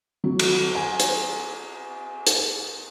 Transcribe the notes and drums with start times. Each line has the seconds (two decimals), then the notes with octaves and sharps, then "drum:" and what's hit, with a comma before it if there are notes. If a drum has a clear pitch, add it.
0.24 F#3
0.39 drum: cymbal
0.75 G#5
1.00 drum: hi-hat
2.27 drum: hi-hat